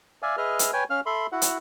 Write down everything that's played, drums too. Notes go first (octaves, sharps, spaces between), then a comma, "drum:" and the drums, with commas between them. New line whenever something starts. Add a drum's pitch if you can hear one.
D5 E5 F5 G#5
G#4 B4 D#5 E5 F6
drum: hi-hat
B4 C#5 G5 G#5
C#4 F5 F6
A4 E5 B5 C6
E4 F#4 F#5
drum: hi-hat